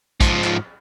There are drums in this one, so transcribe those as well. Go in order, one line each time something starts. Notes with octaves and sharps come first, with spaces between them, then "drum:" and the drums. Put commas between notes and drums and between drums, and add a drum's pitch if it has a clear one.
G#2 F3, drum: kick, hi-hat
drum: clap